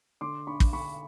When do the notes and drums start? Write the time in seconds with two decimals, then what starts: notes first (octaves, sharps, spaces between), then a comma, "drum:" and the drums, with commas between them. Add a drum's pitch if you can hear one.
0.21 D3 C6 D6
0.47 D4 B5 C#6
0.60 drum: kick
0.73 D3 B5 C#6